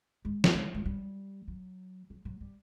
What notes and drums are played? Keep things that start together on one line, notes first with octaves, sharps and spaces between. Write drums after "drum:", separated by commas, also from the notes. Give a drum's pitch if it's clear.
G#3
drum: snare
G#3
G#3
G3
F#3
F#3
F#3
G3